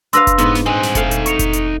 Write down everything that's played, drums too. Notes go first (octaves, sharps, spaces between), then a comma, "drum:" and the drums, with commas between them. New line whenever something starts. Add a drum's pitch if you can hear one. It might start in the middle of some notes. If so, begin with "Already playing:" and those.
D4 B4 F5 C6 E6 A#6, drum: hi-hat
drum: kick F1, hi-hat
G#2 B3, drum: hi-hat
drum: snare
C4 D#4 F#5 G#5
drum: snare
A3 F5, drum: kick F1, hi-hat
drum: hi-hat
C#6 C#7 F7, drum: hi-hat
drum: kick F1, hi-hat
drum: hi-hat